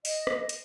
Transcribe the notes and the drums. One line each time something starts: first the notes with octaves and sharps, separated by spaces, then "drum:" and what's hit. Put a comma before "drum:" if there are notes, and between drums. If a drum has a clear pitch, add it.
D#5, drum: open hi-hat
drum: rim click
drum: hi-hat